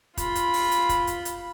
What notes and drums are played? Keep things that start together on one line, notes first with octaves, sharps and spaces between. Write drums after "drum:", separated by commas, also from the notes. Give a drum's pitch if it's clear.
F4 B5, drum: kick, hi-hat
drum: hi-hat
drum: open hi-hat
drum: hi-hat
drum: kick, hi-hat
drum: hi-hat
drum: hi-hat